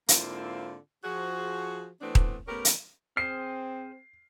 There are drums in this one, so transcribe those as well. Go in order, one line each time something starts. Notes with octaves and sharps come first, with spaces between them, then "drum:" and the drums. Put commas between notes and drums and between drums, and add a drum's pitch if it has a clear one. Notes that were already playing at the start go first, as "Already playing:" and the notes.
G#2 D3 A#3 C4 E4 F4, drum: hi-hat
F3 F#4 G#4
E3 A3 B3 C4 D4
drum: kick D#1
A3 B3 C#4 G4 A#4
drum: hi-hat
C4 G#4 C5 F6 C7